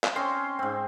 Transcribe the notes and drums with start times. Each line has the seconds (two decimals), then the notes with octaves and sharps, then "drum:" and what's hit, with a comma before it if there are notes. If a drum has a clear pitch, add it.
0.04 drum: clap
0.16 C4 C#4 D#5 C6
0.59 G#2 C4